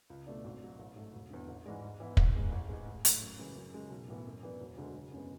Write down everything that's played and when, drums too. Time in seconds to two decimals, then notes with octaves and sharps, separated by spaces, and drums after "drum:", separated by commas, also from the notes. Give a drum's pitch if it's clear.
0.10 C#2
0.27 B2 A3 D4
0.44 G#1
0.62 G#2 F#3
0.79 A1
0.96 G#2 F#3 A3
1.13 E1
1.30 E2 D3
1.48 A1
1.65 G#2 E3 G#3 D4
1.83 G#2
2.00 E3 B3 E4
2.17 A1, drum: kick
2.35 G#2 G#3 B3
2.52 A1
2.69 G#2 G#3
2.86 A2
3.05 F#3 A3, drum: hi-hat
3.22 F#2
3.38 C#3 E3 G#3
3.56 F#2
3.74 C#3 G#3
3.90 B1
4.08 A2 E3 B3
4.26 F#2
4.43 E3 B3 D4
4.60 E1
4.77 D2 D3 G#3
4.95 F#1
5.12 F#2 C#3 G#3 B3